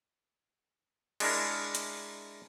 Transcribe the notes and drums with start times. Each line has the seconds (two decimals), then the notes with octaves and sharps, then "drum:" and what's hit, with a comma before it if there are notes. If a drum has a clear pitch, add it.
1.20 G#3 D4 E4 A#4, drum: cymbal
1.75 drum: hi-hat